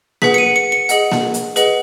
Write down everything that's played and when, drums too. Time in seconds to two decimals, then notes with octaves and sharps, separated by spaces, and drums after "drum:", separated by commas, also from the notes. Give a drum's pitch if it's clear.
0.22 G#4 B4 F#5 B6, drum: snare A#3
0.34 C#7
0.38 D#7
0.56 C#7
0.72 C#7
0.89 G#4 D#5 F#5, drum: hi-hat
1.12 drum: snare A#3
1.34 drum: hi-hat
1.56 G#4 B4 D#5 F#5, drum: hi-hat